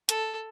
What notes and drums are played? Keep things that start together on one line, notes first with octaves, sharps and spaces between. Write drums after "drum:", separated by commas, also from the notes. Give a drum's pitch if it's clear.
A4, drum: hi-hat